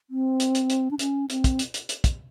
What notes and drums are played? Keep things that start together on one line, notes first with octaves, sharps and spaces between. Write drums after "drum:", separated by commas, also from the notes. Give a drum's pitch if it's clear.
C4
drum: hi-hat
drum: hi-hat
drum: hi-hat
D4
C#4, drum: hi-hat
C4, drum: hi-hat
drum: kick, hi-hat
drum: hi-hat
drum: hi-hat
drum: hi-hat
drum: kick, hi-hat